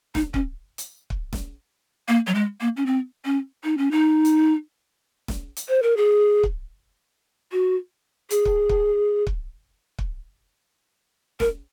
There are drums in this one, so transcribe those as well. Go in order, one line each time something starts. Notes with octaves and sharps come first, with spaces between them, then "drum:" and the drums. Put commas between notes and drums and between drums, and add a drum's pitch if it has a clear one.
D#4, drum: snare
C#4, drum: kick
drum: hi-hat
drum: kick
drum: snare
A#3
F#3
G#3
A#3
C#4
C4
C#4
D#4
C#4
D#4
drum: hi-hat
drum: snare
drum: hi-hat
C5
A#4
G#4
drum: kick
F#4
G#4, drum: hi-hat
drum: kick
drum: kick
drum: kick
drum: kick
A#4, drum: snare